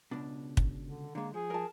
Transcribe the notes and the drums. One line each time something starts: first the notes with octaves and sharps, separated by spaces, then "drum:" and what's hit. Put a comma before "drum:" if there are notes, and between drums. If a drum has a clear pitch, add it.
C#2 B2 D4
drum: kick
D3
D3 G#3 A#3
F3 G#4
A#4 A5